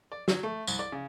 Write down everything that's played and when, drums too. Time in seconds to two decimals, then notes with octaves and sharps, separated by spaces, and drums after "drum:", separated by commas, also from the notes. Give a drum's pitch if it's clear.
0.12 D5
0.28 F#3, drum: snare
0.43 A3
0.67 C2, drum: tambourine
0.79 D5
0.92 C#3